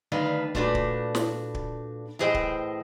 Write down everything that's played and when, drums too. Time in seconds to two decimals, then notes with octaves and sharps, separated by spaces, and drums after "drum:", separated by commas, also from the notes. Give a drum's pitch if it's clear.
0.12 D2 D#3 D4 B4 F5
0.55 A#2 A3 D4 F#4 B4, drum: kick
0.75 drum: kick
1.15 drum: snare
1.55 drum: kick
2.19 A2 E3 G#4 C5 D#5 G5
2.34 drum: kick